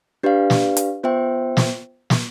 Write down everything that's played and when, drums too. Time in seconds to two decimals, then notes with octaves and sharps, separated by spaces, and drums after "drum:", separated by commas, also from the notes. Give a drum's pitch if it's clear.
0.23 D4 G4 B4 D5 F5
0.50 drum: snare
0.77 drum: hi-hat
1.03 B3 F4 C5 E5 G5
1.57 drum: snare
2.10 drum: snare